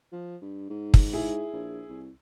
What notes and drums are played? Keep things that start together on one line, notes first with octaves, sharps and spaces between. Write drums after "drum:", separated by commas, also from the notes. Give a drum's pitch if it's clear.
F3
G2
G#2
drum: kick
E4 G#4
A#1
C2